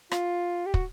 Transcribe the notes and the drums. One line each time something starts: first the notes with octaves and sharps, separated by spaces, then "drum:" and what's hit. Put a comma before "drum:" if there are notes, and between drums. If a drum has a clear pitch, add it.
F4, drum: rim click
G4
F#4, drum: kick